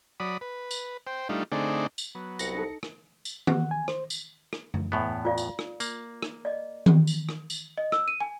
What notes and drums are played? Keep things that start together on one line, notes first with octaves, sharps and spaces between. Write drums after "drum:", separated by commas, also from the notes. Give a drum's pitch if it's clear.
F#3 D5 B5 D#6
B4
drum: tambourine
C5 G5
G3 A3 D4 D#4 F4
D3 A3 C4 D#4 G#4 D5
drum: tambourine
F#3 B3
C2 A#6 C#7, drum: tambourine
D#4 A4
drum: rim click
drum: tambourine
F#5, drum: tom D#3
G#5
C5, drum: rim click
drum: tambourine
drum: rim click
drum: tom F#2
E2 A2 B3
F4 D5 F5
drum: tambourine
drum: rim click
A#3, drum: tambourine
drum: rim click
D5 D#5
drum: tom D#3
drum: tambourine
drum: rim click
drum: tambourine
D#5
E6, drum: rim click
D#7
G#5